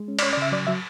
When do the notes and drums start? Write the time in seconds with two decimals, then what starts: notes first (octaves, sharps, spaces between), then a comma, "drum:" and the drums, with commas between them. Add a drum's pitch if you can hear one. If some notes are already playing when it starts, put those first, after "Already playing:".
Already playing: G#3
0.08 C#4
0.19 D5, drum: cymbal
0.22 C#4 C#5
0.33 D5
0.37 C#3 E5
0.52 F#3 D5
0.67 F#3 E5